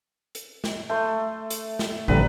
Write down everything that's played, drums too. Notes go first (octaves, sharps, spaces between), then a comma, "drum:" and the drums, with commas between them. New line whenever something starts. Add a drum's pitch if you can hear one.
drum: hi-hat
drum: snare
A3 C6
drum: hi-hat
drum: snare
A#1 D3 G3 B4 A#5, drum: kick